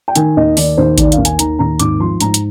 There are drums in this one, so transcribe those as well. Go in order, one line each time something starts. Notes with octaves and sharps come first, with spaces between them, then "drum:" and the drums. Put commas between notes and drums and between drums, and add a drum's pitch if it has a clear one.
G5
D#3 G#5, drum: hi-hat
D#2 D#5
D#3 D5, drum: open hi-hat
D#2 C5
D#3 D5, drum: kick A1, hi-hat
F5, drum: hi-hat
D#2
G#5, drum: hi-hat
D#3 A#5, drum: hi-hat
D#2 A#5
G#1 D6, drum: hi-hat
F3 C6
G#2 A#5, drum: hi-hat
drum: hi-hat